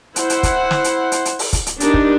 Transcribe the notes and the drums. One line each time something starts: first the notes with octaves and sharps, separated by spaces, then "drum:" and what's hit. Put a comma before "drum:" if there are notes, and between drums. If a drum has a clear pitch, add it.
E4 C5 F#5, drum: hi-hat
drum: hi-hat
drum: kick, hi-hat
drum: snare
drum: hi-hat
drum: hi-hat
drum: hi-hat
drum: open hi-hat
drum: kick, hi-hat
drum: hi-hat
D4 D#4 G4 A#4, drum: hi-hat
drum: kick